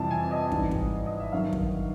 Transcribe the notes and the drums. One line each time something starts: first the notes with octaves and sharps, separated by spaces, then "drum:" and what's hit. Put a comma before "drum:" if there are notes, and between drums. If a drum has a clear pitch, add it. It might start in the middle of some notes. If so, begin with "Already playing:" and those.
Already playing: F2 C3 E3 G3 A5
G#5
D#5
G#2 E3 G3, drum: kick
drum: kick
D#5
E5
G2 D#3 F#3 F5
drum: kick